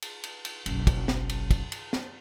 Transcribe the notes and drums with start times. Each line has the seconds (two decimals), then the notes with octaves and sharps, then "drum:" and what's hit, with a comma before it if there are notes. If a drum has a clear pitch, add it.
0.02 drum: cymbal
0.23 drum: cymbal
0.45 drum: cymbal
0.66 F#1 B1, drum: cymbal
0.87 drum: kick, cymbal
1.08 drum: snare
1.29 drum: cymbal
1.51 drum: kick, cymbal
1.72 drum: cymbal
1.93 drum: snare